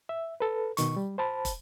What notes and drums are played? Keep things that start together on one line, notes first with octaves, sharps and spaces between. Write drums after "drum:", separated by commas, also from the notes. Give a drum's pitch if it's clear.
E5
A4 B4
B2 D#3 C#6, drum: hi-hat
G3
C5 A5 B5
drum: kick, hi-hat